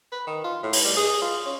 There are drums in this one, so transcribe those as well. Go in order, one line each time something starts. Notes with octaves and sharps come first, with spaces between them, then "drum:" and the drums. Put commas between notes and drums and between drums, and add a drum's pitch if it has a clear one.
B4
D#3
F4
A2
drum: open hi-hat
G3
G#4
F4
C#4